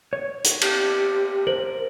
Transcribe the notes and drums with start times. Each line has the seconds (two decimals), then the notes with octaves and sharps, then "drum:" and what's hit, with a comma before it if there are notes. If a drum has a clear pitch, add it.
0.13 C#5
0.44 drum: hi-hat
0.61 G4, drum: cymbal
1.47 A#4 C5 F#7